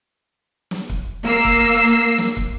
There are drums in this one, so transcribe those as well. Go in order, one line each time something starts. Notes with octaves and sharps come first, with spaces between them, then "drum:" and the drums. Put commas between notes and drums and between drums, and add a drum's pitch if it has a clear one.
drum: snare
drum: kick
A#3 E6 C7
drum: kick
drum: snare
drum: kick